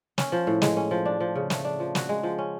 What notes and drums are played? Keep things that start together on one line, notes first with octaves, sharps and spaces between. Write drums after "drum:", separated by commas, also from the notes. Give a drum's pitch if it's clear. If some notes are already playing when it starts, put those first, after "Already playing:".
C#4, drum: snare
F3
A2
G#3, drum: snare
C#4
F3
D4
F3
C#3
A3, drum: snare
D4
F3
F#4, drum: snare
G#3
F3
C#4